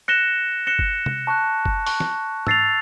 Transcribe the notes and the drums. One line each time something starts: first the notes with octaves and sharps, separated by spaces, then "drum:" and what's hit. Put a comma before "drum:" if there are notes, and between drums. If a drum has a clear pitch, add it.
F#6 A#6 C#7 E7 G7
F#6 A#6 C#7 E7 G7
drum: kick F#1
drum: tom C3
A5 C#6 F#6
drum: kick F#1
A5 C#6 F#6, drum: open hi-hat
drum: snare
E6 A6 C7 F7, drum: tom G#2